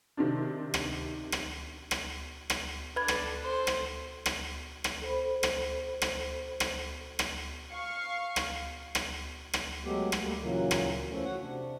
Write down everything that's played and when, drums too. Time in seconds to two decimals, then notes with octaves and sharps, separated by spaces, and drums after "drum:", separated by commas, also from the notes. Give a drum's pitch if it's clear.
0.17 C3 D#3 C4 D4
0.74 drum: rim click
1.32 drum: rim click
1.91 drum: rim click
2.50 drum: rim click
2.96 D4 A4 B4 B5 G#6
3.08 drum: rim click
3.44 C5 C6
3.67 drum: rim click
4.26 drum: rim click
4.84 drum: rim click
5.02 A4 C5 B5
5.43 drum: rim click
6.02 drum: rim click
6.60 drum: rim click
7.19 drum: rim click
7.71 F5 C#6
8.36 drum: rim click
8.95 drum: rim click
9.53 drum: rim click
9.85 F#3 G#3 A3 B3 G4
10.12 drum: rim click
10.22 G3 A3 A#3
10.41 A#2 C#3 E3 F#3 A#3
10.71 drum: rim click
11.10 E2 F3 A3 C#4
11.25 F#4 C#5 F#5
11.40 C3 D4